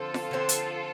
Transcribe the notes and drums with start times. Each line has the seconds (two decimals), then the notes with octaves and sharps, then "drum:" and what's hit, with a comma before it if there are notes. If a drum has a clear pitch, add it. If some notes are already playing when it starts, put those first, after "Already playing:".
Already playing: D3 F3 C4 F4 A4
0.14 drum: snare F4
0.31 D3 F3 C4
0.49 drum: hi-hat